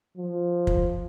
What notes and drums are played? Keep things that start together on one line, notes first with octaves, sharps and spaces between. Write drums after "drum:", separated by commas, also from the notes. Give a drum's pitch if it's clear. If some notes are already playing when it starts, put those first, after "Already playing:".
F3
drum: kick